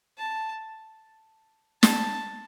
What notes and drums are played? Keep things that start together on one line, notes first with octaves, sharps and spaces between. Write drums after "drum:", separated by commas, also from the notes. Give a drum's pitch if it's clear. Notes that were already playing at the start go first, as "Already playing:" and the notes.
A5
A5, drum: snare